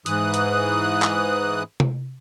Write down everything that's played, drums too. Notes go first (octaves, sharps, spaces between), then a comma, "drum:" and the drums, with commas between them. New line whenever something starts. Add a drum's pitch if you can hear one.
G#2 E3 D#6 F#6, drum: hi-hat
drum: hi-hat
drum: clap
drum: tom C3